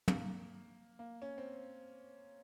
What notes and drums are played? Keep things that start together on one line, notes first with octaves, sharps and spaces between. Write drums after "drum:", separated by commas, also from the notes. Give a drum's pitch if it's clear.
A#3, drum: tom
A#3
C#4
C4